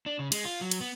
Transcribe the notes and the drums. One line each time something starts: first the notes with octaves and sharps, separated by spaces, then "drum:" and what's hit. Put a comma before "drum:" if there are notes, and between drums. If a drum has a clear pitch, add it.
D4
C#3
G#3, drum: cymbal
F4
F#3
drum: cymbal
B3